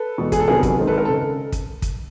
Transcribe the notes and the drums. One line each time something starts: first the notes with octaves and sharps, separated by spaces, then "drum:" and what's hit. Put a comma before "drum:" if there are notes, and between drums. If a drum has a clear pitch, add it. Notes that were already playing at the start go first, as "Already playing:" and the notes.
Already playing: A4 B4
E2 B2 G#3
G#4, drum: kick, hi-hat
A4
C3 D#3 F#3 B3 D4 G#4 A#4
drum: kick, hi-hat
D#3 G#3 C4 D#4
A4 B4
A#4
A4
C#3
drum: kick, hi-hat
drum: kick, hi-hat